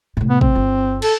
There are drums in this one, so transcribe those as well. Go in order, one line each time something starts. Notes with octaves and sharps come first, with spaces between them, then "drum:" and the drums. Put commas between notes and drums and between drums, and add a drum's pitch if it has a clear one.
A2 C3, drum: tom G#3
B3
C4, drum: kick
G1 F4
A4, drum: cymbal